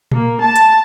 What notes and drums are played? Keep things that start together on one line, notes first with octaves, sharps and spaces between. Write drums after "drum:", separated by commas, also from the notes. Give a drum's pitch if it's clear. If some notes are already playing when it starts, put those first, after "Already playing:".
A#3, drum: tom A#2
A5
drum: hi-hat